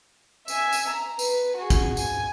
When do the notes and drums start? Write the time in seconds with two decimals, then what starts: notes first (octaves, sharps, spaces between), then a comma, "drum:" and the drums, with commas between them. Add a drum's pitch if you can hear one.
0.48 E5 G#5, drum: tambourine
0.72 drum: tambourine
0.89 A#5
1.19 B4, drum: tambourine
1.57 F#4 G#4
1.70 drum: kick, tambourine
1.97 G#5, drum: tambourine